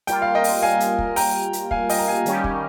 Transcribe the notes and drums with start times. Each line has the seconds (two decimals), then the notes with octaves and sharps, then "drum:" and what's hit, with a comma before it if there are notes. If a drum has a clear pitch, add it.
0.07 G3 A#3 F4 A#4 G5, drum: hi-hat
0.22 F5
0.35 D#5 G5
0.44 drum: open hi-hat
0.62 F5 G#5
0.80 drum: hi-hat
0.99 drum: kick
1.16 G5 A#5, drum: open hi-hat
1.53 drum: hi-hat
1.71 F5 G#5, drum: kick
1.89 D#5 G5, drum: open hi-hat
1.99 A#5
2.07 F5 G#5
2.26 D#3 G3 C#4 G4, drum: hi-hat
2.44 drum: kick